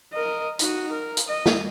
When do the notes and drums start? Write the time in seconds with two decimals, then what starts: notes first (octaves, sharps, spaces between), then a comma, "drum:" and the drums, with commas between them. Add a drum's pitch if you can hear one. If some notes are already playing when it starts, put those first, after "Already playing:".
0.13 A#4 D#5
0.59 D#4 F#4, drum: hi-hat
0.92 A#4
1.17 drum: hi-hat
1.28 D#5
1.46 drum: snare